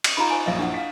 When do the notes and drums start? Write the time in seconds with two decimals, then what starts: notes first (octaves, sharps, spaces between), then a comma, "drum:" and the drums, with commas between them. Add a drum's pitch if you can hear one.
0.04 drum: cymbal
0.17 D#4 F4 F5 A#5 B5
0.30 C5 G#5
0.46 A#1 F#2 D#5 F5
0.59 D4 E4 F#5
0.74 F5 B6